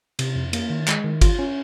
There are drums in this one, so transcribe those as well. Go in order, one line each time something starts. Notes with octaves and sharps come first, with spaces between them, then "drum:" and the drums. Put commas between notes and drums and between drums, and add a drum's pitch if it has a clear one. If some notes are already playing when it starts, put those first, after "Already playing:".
C3, drum: cymbal
F2
A#3, drum: cymbal
D#3
G#3, drum: clap
D#3
F4, drum: kick G1, cymbal
C#4